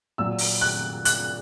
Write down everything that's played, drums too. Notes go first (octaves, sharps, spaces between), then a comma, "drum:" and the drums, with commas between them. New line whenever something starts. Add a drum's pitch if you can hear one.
A#2 F#3 E6
drum: open hi-hat
F#6
F#6, drum: hi-hat